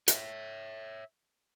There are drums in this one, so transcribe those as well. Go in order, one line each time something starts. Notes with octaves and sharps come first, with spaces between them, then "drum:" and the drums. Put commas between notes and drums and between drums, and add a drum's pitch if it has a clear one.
C#5 E5, drum: hi-hat